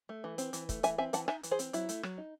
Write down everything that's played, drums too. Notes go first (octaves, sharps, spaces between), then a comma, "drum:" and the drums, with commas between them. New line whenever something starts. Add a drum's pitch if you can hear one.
A3
E3
C4, drum: hi-hat
E3, drum: hi-hat
A3, drum: kick, hi-hat
E3 E5 G#5, drum: hi-hat
C4 E5 G#5
E3 F#5 A5, drum: hi-hat
D#4 E5 G#5, drum: rim click
E3, drum: hi-hat
G#4 C5
C4, drum: hi-hat
F#3 E4, drum: hi-hat
A3, drum: hi-hat
F#3, drum: rim click
D#4